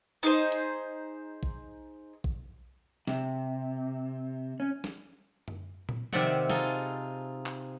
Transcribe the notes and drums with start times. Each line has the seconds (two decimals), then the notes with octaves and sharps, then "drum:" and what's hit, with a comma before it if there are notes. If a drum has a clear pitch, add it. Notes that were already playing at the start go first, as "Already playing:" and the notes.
0.23 D#4 G#4 C5
0.52 drum: hi-hat
1.43 drum: kick A#1
2.24 drum: kick A#1
3.07 C3, drum: snare
4.60 C#4
4.84 drum: snare
5.48 drum: tom F#2
5.89 drum: tom A#2
6.13 C3 D#3 C4 D5 E5 F#5, drum: tom F3
6.49 D#4 F4 G#4 A4, drum: snare
7.46 drum: clap